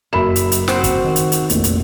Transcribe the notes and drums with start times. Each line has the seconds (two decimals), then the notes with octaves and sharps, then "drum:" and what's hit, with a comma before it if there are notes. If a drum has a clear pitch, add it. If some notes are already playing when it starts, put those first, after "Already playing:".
0.13 F#1 F#2 B5 E7
0.36 drum: hi-hat
0.52 drum: hi-hat
0.68 C4 F#4 C5, drum: snare
0.84 drum: kick, hi-hat
1.04 D#3
1.16 drum: hi-hat
1.32 drum: hi-hat
1.50 F1 A#1, drum: hi-hat
1.64 drum: hi-hat